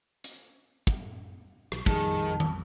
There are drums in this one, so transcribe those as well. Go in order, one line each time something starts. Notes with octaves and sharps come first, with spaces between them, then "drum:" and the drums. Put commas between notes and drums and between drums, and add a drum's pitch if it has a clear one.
drum: hi-hat
drum: kick
B1, drum: rim click
A#1 F2 D#3 G3 G#4 A5, drum: kick
drum: tom D#3